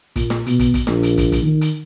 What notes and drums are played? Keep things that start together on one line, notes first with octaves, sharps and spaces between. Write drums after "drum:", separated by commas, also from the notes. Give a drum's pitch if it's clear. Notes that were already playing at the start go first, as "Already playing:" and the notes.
A#2, drum: kick, hi-hat
drum: snare
B2, drum: hi-hat
drum: kick, hi-hat
drum: kick, hi-hat
A#1, drum: snare
drum: hi-hat
drum: kick, hi-hat
drum: kick, hi-hat
D#3
drum: hi-hat